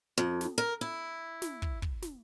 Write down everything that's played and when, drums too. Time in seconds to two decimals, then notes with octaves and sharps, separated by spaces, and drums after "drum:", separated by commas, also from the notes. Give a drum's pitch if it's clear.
0.18 F2
0.41 drum: snare
0.58 A#4
0.81 E4
1.42 drum: snare
1.62 drum: kick
1.82 drum: kick
2.02 drum: snare